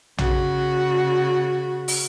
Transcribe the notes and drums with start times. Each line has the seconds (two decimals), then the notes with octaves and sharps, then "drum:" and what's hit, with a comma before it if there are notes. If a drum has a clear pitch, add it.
0.18 C#3 F#4, drum: tom A#1
1.88 drum: open hi-hat